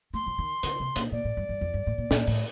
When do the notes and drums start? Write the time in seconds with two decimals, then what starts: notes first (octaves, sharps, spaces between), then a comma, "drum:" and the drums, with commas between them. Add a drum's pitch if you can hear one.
0.14 A3 C6
0.27 F3
0.38 D#3
0.63 D3, drum: hi-hat
0.80 C3
0.96 A#2, drum: hi-hat
1.12 A#2 D5
1.25 A2
1.37 G2
1.49 G2
1.61 F2
1.74 G2
1.87 A2
1.98 A#2
2.11 A#2, drum: snare
2.27 A2, drum: open hi-hat